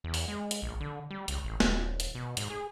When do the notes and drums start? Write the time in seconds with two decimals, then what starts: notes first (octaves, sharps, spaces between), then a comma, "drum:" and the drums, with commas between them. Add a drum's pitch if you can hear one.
0.04 E2
0.14 drum: open hi-hat
0.28 G#3
0.51 drum: hi-hat
0.62 A#1
0.80 D3
1.10 G3
1.28 C#2, drum: hi-hat
1.45 A1
1.60 D#1, drum: snare
2.00 drum: hi-hat
2.15 B2
2.37 G#2, drum: hi-hat
2.50 G#4